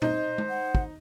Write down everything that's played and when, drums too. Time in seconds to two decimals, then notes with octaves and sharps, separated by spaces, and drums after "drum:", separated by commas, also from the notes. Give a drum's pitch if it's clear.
0.02 D#4 C5 D#5, drum: tom A#2
0.38 drum: tom G#3
0.49 F#5
0.75 drum: kick